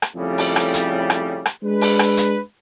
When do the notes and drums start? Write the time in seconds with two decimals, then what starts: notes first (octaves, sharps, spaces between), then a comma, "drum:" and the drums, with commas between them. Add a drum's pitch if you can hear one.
0.02 drum: rim click
0.16 F2 A2 C#3 G3
0.38 drum: open hi-hat
0.56 drum: rim click
0.74 drum: hi-hat
1.10 drum: rim click
1.45 drum: rim click
1.63 G#3 D4 B4
1.81 drum: open hi-hat
1.99 drum: rim click
2.17 drum: hi-hat